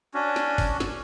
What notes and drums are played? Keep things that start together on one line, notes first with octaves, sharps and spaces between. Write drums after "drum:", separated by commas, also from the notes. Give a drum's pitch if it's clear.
C#4 D4 F#4
drum: snare
drum: kick, open hi-hat
drum: snare